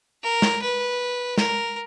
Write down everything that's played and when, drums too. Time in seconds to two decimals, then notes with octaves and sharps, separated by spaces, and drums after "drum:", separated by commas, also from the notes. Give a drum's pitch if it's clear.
0.23 A#4
0.42 drum: snare
0.62 B4
1.38 A#4, drum: snare